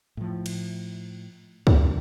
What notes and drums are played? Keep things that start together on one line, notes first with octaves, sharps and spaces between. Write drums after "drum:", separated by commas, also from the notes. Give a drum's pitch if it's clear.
A2 F3
drum: cymbal
D#2, drum: kick